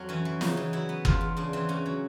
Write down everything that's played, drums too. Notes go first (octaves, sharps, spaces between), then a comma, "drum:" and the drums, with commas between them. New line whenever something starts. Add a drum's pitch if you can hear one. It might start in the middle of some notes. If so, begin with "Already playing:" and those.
Already playing: F2 F#3
E3 C#4
E3
C#3 D#4, drum: snare
E3
F#3 E4
B3
E2 F4, drum: kick
E2
C#3 D4
E3 C4
C#3 C#4
F#3